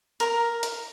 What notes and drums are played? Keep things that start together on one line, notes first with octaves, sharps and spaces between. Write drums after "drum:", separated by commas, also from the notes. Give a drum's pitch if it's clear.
A#4 A#5, drum: hi-hat
drum: hi-hat